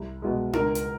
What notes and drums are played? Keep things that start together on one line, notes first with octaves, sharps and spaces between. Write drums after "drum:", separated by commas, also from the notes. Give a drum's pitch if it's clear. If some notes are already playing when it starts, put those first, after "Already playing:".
Already playing: C2
B2 G#3
C#2 A#4, drum: tom D4
drum: hi-hat